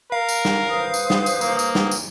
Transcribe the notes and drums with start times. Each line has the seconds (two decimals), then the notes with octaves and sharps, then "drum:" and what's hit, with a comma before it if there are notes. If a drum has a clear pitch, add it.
0.12 A#4 F5
0.29 drum: tambourine
0.45 drum: snare
0.69 B4 C5 D#6
0.94 drum: tambourine
1.10 drum: snare
1.26 drum: tambourine
1.41 A#3, drum: tambourine
1.59 drum: tambourine
1.75 drum: snare
1.91 drum: tambourine